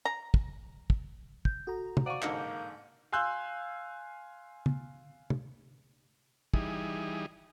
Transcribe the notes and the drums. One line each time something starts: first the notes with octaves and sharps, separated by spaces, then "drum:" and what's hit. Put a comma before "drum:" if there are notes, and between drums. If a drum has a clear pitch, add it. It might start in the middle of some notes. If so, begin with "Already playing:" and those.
A#5
drum: kick
drum: kick
G6, drum: kick
F#4 A4 A#5
drum: tom
C5 D5 F5 F#5 C#6 D#7
A1 G#2 D3 A#3 G6 C#7, drum: clap
F5 G#5 C6 E6 F#6 G6
drum: tom
drum: tom
E3 G3 D#4 G#4, drum: kick